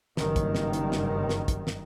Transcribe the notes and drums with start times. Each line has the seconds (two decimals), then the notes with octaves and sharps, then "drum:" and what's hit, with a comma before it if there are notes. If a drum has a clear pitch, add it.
0.17 F#1 G2 D#3, drum: snare
0.36 drum: kick, hi-hat
0.55 drum: snare
0.73 drum: hi-hat
0.92 drum: snare
1.29 drum: snare
1.48 drum: kick, hi-hat
1.67 drum: snare